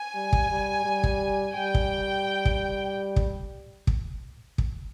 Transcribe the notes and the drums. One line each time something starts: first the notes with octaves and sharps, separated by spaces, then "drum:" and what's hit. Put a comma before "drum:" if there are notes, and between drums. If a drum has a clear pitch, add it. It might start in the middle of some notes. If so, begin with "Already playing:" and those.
Already playing: G#5
G3
drum: kick
G3
G3
drum: kick
G3 G5
drum: kick
drum: kick
drum: kick
drum: kick
drum: kick